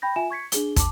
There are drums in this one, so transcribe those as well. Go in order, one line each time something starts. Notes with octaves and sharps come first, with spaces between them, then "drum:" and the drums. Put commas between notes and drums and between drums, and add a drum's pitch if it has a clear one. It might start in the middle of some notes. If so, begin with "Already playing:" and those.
G5 B5 G6 A#6
F4 E5 G#5 E7
C#6 G#6 B6 C#7
D4 G#4 G7, drum: hi-hat
A5 D6, drum: kick, hi-hat